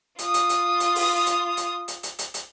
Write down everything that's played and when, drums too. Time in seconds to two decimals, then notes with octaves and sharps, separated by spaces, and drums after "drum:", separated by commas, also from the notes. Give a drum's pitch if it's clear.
0.19 F4 D#6, drum: hi-hat
0.34 drum: hi-hat
0.49 drum: hi-hat
0.80 drum: hi-hat
0.95 drum: open hi-hat
1.26 drum: hi-hat
1.57 drum: hi-hat
1.88 drum: hi-hat
2.03 drum: hi-hat
2.19 drum: hi-hat
2.34 drum: hi-hat